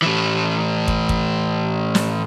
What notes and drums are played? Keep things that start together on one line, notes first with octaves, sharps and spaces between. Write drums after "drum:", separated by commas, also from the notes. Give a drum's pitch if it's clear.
A2 E3
drum: kick
drum: kick
drum: snare